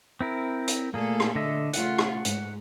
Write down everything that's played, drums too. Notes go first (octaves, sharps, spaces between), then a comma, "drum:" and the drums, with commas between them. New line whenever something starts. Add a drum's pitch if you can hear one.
C4 E4 A#4
drum: hi-hat
A#2 A3 A#3 G#4 A4
drum: rim click
D3 D#5 E5
C#3 A3 F4 F#5, drum: hi-hat
drum: rim click
G#2, drum: hi-hat